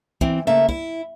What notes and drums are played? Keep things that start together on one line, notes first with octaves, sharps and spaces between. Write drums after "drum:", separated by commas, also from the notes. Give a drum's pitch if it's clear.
E3 C4, drum: kick
C#3 A3 A#3 E5
E4, drum: kick